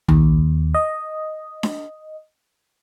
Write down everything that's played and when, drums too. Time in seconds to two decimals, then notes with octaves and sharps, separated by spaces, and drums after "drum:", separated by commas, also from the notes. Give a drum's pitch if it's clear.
0.08 D#2, drum: tom B1
0.75 D#5
1.63 drum: snare D4